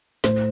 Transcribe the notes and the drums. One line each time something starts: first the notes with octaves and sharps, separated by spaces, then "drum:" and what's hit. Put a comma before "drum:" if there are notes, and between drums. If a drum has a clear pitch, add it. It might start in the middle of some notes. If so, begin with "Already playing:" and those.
A2 C5, drum: snare